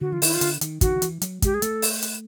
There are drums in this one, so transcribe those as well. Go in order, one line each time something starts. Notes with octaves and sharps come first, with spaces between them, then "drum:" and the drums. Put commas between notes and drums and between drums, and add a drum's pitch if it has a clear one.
D3 F#4
E3 F4
D#3 E4, drum: open hi-hat
F4
D3, drum: hi-hat
D#3, drum: hi-hat
D#3 F#4, drum: kick, hi-hat
D#3
E3, drum: hi-hat
F#3, drum: hi-hat
G#3 G4, drum: kick, hi-hat
G#4
A3 A4, drum: hi-hat
drum: open hi-hat
drum: hi-hat